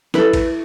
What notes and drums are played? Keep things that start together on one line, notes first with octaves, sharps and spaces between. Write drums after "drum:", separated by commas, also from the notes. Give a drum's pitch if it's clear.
E4 A4 B4, drum: snare
drum: kick, cymbal